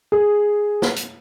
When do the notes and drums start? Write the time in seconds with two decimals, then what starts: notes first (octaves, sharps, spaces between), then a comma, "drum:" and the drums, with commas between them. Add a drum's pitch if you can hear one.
0.12 G#4
0.82 drum: snare
0.96 drum: hi-hat